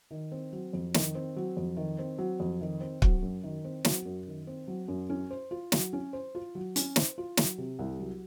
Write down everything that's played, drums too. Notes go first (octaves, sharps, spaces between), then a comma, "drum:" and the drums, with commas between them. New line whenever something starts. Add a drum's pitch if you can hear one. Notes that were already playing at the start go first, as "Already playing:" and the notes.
D#3
C4
F#3
F2
D#3, drum: snare
C4
F#3
F2
D#3
C4
F#3
F2
D#3
C4
F#3, drum: kick
F#2
D#3
C4
F#3, drum: snare
F#2
D#3
C4
F#3
F#2
C#4
C5
F4
F#3, drum: snare
C#4
C5
F4
F#3
C#4, drum: hi-hat
C5, drum: snare
F4
F#3, drum: snare
C3
C2
F#3